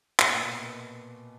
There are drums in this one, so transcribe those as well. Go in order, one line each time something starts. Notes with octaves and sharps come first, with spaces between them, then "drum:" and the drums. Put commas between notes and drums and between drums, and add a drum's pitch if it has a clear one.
A#2 A#3, drum: clap
B2 B3